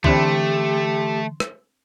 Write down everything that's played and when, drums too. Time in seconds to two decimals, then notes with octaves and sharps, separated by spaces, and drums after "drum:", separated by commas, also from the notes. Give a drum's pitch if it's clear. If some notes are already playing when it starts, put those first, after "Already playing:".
0.04 D3 E3 A3 C4 D4 E4 G4 C6, drum: kick
1.40 drum: rim click